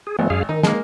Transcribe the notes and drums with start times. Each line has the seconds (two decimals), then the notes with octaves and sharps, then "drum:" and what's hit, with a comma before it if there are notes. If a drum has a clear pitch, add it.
0.07 G#4
0.19 G#1 F3 A3 B3
0.30 F#2 G#4 F5
0.49 D#3 D#4
0.63 G#3 A#3, drum: snare